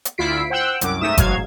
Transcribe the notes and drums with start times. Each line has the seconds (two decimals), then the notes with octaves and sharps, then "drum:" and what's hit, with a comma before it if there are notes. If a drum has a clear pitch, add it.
0.05 drum: hi-hat
0.18 D2 E4 F4 B6 C7 D7
0.50 C5 F#5 G5 E6 F#6
0.81 C2 F#2 D6, drum: hi-hat
1.01 G#2 A3 D#4 E5 D#6 E7
1.17 A1 G#2 F#3 F5 G#6, drum: kick F#1, hi-hat